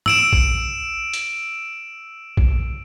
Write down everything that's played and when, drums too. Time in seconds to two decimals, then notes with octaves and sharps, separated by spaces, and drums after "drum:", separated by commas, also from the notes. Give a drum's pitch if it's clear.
0.06 E6 D7 E7, drum: tom
0.33 drum: kick
1.13 drum: hi-hat
2.37 drum: kick